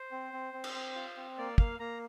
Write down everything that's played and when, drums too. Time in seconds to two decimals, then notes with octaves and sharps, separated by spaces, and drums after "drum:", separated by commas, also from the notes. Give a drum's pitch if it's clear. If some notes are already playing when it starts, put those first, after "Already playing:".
Already playing: C5
0.12 C4
0.33 C4
0.53 C4
0.64 drum: cymbal
0.74 C4
0.95 F4
1.17 C4
1.38 A#3 D5
1.58 A#3 F5, drum: kick
1.79 A#3 A#5